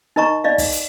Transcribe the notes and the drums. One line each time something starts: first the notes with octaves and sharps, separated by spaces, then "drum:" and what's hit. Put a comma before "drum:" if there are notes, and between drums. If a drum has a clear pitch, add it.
D#4 A#4 D#5 A#5 C#6
D#4 D5 D#5 F5
drum: kick, open hi-hat
drum: hi-hat